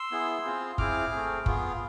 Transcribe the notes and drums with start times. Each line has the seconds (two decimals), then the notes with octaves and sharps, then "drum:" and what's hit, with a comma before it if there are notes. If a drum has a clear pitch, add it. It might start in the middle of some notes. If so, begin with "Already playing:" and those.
Already playing: C6 E6
0.11 B3 E4 G#4
0.45 C4 F4 G#4
0.78 C4 E4 G#4 D6 F6, drum: kick F#1
1.12 A3 C4 G#4
1.46 B3 F4 G#4, drum: kick F#1